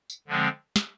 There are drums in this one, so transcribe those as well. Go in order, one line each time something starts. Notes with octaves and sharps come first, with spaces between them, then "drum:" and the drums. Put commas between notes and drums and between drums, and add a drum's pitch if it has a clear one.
drum: tambourine
D3 F3 G#3 C4
drum: snare